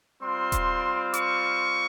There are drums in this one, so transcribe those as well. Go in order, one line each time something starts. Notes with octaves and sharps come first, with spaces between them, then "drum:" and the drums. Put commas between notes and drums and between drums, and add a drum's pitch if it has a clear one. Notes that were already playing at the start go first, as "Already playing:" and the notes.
G3 C4 F4 C6
drum: kick D#1, hi-hat
C#6, drum: hi-hat